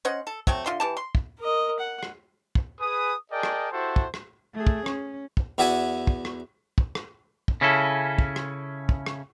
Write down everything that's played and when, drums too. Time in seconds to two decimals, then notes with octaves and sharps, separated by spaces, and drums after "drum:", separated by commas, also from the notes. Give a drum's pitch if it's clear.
0.05 C#4 C5 D#5 F#5
0.27 A4
0.47 F#3 A3 C4, drum: kick
0.66 D3 F4 E5 C6
0.80 E3 G4 A5
0.97 C6
1.15 drum: kick
1.39 A#4 D#5
1.80 F#5
2.03 drum: rim click
2.55 drum: kick
2.80 G#4 B4 D#6
3.31 G#4 A#4 D5 D#5 G5 A5
3.43 drum: rim click
3.72 E4 F#4 G4 A4 C5
3.96 drum: kick
4.14 drum: rim click
4.54 A3 G#4
4.67 drum: kick
4.86 C#4, drum: rim click
5.37 drum: kick
5.58 E2 F#4 D5 E5 F#5 G#5
6.07 drum: kick
6.25 drum: rim click
6.78 drum: kick
6.95 drum: rim click
7.48 drum: kick
7.61 C#3 C#4 E4 A4
8.18 drum: kick
8.36 drum: rim click
8.89 drum: kick
9.06 drum: rim click